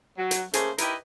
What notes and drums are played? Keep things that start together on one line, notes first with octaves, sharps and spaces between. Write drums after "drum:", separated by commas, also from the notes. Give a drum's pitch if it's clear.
F#3
drum: hi-hat
C#3 A3 A#3 C#4 G#4 C5, drum: hi-hat
D#4 E4 G4 A#4 B4 D#5, drum: hi-hat